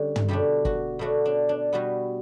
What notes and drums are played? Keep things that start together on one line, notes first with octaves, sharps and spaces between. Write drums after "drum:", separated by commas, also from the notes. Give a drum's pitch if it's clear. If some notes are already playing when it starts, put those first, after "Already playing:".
Already playing: D3 G3 C#4
drum: tom
B2 A3 D4 G4
F#4, drum: kick
B2 A3 D4 F#4
D4
D4
B2 G3 B3 F#4